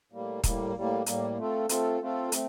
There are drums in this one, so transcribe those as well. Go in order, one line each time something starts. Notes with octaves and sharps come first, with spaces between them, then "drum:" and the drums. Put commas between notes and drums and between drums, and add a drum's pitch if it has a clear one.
A2 G3 A#3
A2 G3 A#3, drum: kick D#1, hi-hat
A2 G3 A#3
A2 G3 A#3, drum: hi-hat
A3 C4 F4 A4
A3 C4 F4 A4, drum: hi-hat
A3 C4 F4 A4
A3 C4, drum: hi-hat